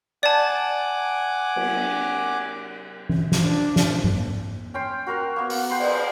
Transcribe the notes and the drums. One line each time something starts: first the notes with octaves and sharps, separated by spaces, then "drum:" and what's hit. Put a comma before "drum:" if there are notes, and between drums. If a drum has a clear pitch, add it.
D5 F#5 G#5 A5 D6
drum: cymbal
drum: tom E3
drum: snare
D4
drum: snare
drum: tom G#2
C#4 G5 C6
F#4 A#4 A#5 C6
A#3 B3
B3, drum: open hi-hat
F#5 G5 B5 C6
drum: cymbal